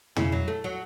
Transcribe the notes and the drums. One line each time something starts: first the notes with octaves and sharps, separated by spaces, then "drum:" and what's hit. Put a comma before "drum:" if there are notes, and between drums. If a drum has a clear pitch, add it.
C#3 E4, drum: tom
F#3
A3
F#3